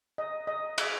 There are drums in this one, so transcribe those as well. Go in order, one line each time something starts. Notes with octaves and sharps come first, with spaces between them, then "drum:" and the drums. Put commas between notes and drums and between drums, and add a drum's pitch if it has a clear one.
D#5
D#5
E5, drum: cymbal